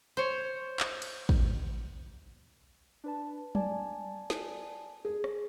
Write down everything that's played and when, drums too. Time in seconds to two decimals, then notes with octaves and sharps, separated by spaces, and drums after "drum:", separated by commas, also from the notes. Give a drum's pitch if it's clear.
0.17 C5 C#5
0.80 drum: clap
1.02 drum: cymbal
1.29 drum: kick
3.04 D4 B4 A5
3.55 D5 G#5 A5, drum: tom F#3
4.30 drum: snare
5.05 G#4
5.24 drum: rim click